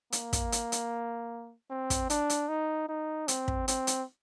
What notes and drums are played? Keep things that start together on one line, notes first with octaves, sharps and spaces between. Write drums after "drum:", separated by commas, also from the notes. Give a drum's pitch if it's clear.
A#3, drum: hi-hat
drum: kick, hi-hat
drum: hi-hat
drum: hi-hat
C4
drum: kick, hi-hat
D4, drum: hi-hat
drum: hi-hat
D#4
D#4
C4, drum: hi-hat
drum: kick
C4, drum: hi-hat
drum: hi-hat